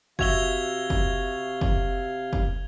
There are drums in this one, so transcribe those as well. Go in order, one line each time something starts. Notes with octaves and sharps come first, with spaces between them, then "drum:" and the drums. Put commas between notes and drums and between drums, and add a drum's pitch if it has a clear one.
C3 F#4 E5 F5 G#6 F7 G7, drum: kick
drum: kick
drum: kick
drum: kick